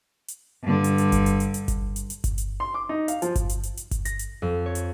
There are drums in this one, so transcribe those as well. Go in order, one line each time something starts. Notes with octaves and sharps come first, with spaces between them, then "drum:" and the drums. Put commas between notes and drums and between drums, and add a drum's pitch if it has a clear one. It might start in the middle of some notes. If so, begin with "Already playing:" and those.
drum: hi-hat
G2 D3
drum: hi-hat
drum: hi-hat
drum: kick G1, hi-hat
drum: hi-hat
drum: hi-hat
drum: hi-hat
drum: kick G1, hi-hat
drum: hi-hat
drum: hi-hat
drum: kick G1, hi-hat
drum: hi-hat
C6
D6
D#4
F5, drum: hi-hat
F3, drum: hi-hat
drum: kick G1, hi-hat
drum: hi-hat
drum: hi-hat
drum: hi-hat
drum: kick G1, hi-hat
A#6, drum: hi-hat
drum: hi-hat
F2
C#5
drum: hi-hat